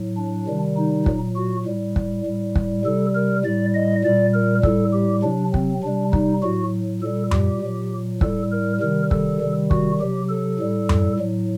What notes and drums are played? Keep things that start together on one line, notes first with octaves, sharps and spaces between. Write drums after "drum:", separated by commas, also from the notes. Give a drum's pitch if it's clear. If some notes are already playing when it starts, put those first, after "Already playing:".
Already playing: A2 F#3
D4
C3 D#3 G3
D#4
A#2 F#3, drum: kick
F#4
A2 G3
drum: kick
A2 G3
drum: kick
C3 G3 A4
A#4
A2 G3 D5
D#5
A#2 G3 D5
A#4
A2 G3 A4, drum: kick
G4
C3 F#3 D4
C4, drum: kick
C3 G3 D4
D#4, drum: kick
A2 F#3 F#4
A#2 G3 A4
G4, drum: tom F#2
A#2 F#3
A2 G3 A4, drum: kick
A#4
C3 D#3 G3 A#4
A4, drum: kick
C3 D#3 G3
F#4, drum: kick
C3 F#3 G4
A4
A2 G3
drum: tom F#2
A2 F#3